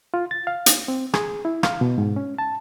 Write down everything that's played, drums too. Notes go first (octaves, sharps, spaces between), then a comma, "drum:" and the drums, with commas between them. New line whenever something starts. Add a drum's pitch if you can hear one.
F4
A6
F5
drum: hi-hat
C4
G#4, drum: rim click
E4
F5, drum: rim click
B2
G#2
C#4
A5